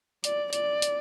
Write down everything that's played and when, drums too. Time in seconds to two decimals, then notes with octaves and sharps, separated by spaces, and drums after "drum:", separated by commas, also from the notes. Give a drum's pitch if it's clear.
0.24 D5, drum: hi-hat
0.53 D5, drum: hi-hat
0.82 drum: hi-hat